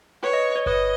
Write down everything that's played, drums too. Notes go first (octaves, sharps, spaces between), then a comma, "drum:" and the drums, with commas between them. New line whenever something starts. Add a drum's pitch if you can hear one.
B4 C#5
D#5
C#5
B4 D#5, drum: kick G1